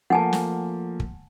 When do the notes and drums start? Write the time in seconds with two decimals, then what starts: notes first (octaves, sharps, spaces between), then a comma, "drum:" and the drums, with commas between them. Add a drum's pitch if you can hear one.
0.10 F3 A3 A#3 F#5 G#5 A5
0.33 drum: snare
1.00 drum: kick